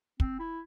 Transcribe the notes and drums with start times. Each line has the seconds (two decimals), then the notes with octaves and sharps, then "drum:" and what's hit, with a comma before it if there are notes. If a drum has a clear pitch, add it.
0.20 C4, drum: kick
0.39 E4